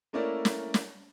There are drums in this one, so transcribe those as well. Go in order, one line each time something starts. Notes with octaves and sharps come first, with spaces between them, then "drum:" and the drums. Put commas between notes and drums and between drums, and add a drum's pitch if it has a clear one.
A3 A#3 C#4 E4 A#4 D5
drum: snare
drum: snare